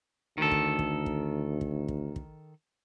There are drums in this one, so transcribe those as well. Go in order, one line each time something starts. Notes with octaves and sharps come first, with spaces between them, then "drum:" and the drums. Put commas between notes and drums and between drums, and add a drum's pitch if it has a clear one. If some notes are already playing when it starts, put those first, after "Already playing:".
D2 D#3 A4
drum: kick
drum: kick
drum: kick
drum: kick
drum: kick
drum: kick